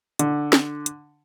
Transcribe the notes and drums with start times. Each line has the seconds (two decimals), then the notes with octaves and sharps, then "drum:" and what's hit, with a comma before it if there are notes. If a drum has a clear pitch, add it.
0.19 D3, drum: hi-hat
0.53 drum: snare
0.86 drum: hi-hat